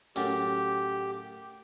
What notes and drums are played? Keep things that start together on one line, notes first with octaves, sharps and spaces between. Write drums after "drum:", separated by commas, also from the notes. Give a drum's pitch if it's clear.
F#2 A2 G4 A#5, drum: open hi-hat